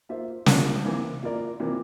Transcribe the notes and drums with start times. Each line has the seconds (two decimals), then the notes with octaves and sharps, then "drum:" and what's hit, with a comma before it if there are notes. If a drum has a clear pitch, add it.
0.09 A#3 F4 C5 E5
0.46 D3 F3 A#3 D4, drum: snare
0.85 C3 E3 A#3
1.22 A#3 F4 A#4 D5
1.60 C3 E3 A#3 F4